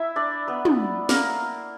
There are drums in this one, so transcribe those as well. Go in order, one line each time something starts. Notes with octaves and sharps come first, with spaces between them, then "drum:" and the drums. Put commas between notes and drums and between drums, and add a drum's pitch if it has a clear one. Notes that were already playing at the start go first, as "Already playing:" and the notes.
Already playing: E4 E5
D4 D5
B3 B4
drum: tom
A#3 A#4, drum: snare